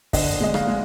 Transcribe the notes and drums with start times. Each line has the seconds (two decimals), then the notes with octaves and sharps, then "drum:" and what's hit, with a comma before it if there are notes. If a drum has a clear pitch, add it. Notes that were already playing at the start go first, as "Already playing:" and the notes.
0.13 D3 D#5, drum: kick, open hi-hat
0.40 G#3 D#5
0.54 F5, drum: rim click
0.67 G#3